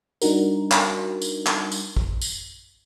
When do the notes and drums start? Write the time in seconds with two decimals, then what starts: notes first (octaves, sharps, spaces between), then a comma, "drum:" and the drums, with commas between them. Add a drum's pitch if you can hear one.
0.22 G3 D4 D#4 F#4 A#4, drum: tambourine
0.72 drum: clap
1.22 drum: tambourine
1.47 drum: clap
1.72 drum: tambourine
1.97 drum: kick
2.22 drum: tambourine